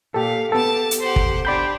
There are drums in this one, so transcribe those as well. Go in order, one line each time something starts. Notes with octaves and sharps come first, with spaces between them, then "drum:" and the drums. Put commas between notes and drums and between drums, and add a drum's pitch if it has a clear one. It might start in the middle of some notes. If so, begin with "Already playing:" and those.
A#2 G4 A4 F5
B3 G4 A4 A5
drum: hi-hat
G4 C5 F#5
drum: kick
C4 D4 G4 D5 B5 G6